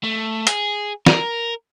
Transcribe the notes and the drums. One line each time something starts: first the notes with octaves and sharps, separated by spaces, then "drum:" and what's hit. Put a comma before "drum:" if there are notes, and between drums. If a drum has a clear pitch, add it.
A3
G#4, drum: hi-hat
A#4, drum: snare